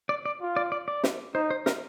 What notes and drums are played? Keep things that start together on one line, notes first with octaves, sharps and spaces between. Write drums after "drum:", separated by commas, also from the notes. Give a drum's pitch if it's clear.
D5
D5
F4
D5
D5
D5
drum: snare
D#4 C5
C5
A#4, drum: snare